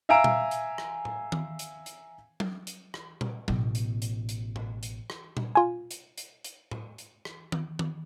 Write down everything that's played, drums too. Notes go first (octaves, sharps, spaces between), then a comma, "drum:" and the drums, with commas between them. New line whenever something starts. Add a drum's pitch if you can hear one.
E5 F5 G#5 A#5 E6 D7
drum: tom A#2
drum: hi-hat
drum: rim click
drum: tom A2
drum: tom D#3
drum: hi-hat
drum: hi-hat
drum: tom F#3
drum: hi-hat
drum: rim click
drum: tom A#2
A1 B2, drum: tom F#3
drum: hi-hat
drum: hi-hat
drum: hi-hat
drum: tom A2
drum: hi-hat
drum: rim click
drum: tom A#2
F4 G#5
drum: hi-hat
drum: hi-hat
drum: hi-hat
drum: tom A2
drum: hi-hat
drum: rim click
drum: tom D#3
drum: tom D#3